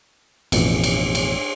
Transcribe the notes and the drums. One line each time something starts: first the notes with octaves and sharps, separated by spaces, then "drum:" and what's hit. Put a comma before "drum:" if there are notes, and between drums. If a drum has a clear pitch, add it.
A1 F2 B2, drum: cymbal
drum: cymbal
drum: cymbal